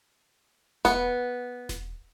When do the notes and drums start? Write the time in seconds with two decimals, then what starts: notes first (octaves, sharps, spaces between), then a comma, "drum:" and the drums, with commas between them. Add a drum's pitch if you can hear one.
0.85 B3, drum: snare E1
1.69 drum: snare E1